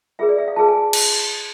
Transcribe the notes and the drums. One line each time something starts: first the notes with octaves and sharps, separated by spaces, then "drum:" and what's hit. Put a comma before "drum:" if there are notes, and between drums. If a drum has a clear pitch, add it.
F4 G#4 B4 E5
D5
E5
F5
F4 G#4 B4 A5
G#5
drum: cymbal